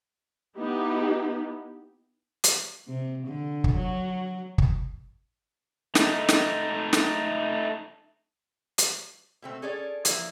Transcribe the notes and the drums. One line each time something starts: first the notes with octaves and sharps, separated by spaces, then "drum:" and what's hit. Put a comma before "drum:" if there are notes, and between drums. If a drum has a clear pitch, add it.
B3 D#4 E4 G4
drum: hi-hat
C3
D3
drum: kick
F#3
drum: kick
A3 D#4, drum: snare
drum: snare
drum: snare
drum: hi-hat
B2 A3 C4
C#4 G#4 A4 C#5 D5
F3 A#3 E4, drum: hi-hat